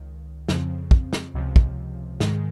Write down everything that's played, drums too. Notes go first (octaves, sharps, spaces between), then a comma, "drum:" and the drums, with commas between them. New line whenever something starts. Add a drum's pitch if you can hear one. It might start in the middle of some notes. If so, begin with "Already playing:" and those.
Already playing: C#2 D#3
F2 C#3 F3 C4, drum: snare
drum: kick
drum: snare
C#2 C3 F3
drum: kick
G#2 D#3 G#3, drum: snare